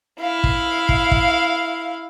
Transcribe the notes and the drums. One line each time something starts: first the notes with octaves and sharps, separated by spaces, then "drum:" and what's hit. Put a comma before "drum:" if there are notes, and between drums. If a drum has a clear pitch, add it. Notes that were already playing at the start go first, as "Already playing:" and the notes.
E4 F5
drum: kick
drum: kick
drum: kick